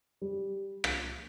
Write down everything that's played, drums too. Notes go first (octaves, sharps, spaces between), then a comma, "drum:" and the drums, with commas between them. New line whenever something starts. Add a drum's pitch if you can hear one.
G3
drum: rim click